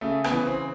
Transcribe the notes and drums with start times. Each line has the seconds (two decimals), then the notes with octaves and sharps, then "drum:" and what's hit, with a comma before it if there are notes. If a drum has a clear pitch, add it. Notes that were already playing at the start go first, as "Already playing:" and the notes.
0.01 C#3 A3
0.24 B3, drum: rim click
0.31 E3
0.46 C4